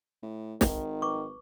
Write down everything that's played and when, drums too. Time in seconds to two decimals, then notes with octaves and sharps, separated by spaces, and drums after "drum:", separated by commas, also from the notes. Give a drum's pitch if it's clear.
0.23 A2
0.61 G#1 D#3, drum: snare
1.02 B4 C#6 D6